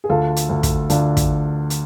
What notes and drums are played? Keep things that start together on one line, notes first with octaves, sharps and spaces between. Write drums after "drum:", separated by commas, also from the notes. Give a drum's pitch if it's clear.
G#4
D2 F4 A4
drum: hi-hat
D2
drum: kick, hi-hat
D2 D4 F4, drum: hi-hat
drum: kick, hi-hat
drum: hi-hat